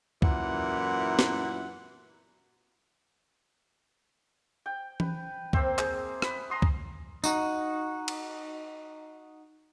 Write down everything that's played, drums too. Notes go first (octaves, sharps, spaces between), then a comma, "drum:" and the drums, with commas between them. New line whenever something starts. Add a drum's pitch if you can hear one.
F#2 A#2 E3 E4 F#5, drum: kick C#2
drum: snare
G5
B4, drum: tom E3
A#3 C4 C5 E5, drum: kick C#2
G#4, drum: clap
B4, drum: rim click
A#5 C6 D#6
drum: kick C#2
D#4 F#4, drum: tambourine
drum: cymbal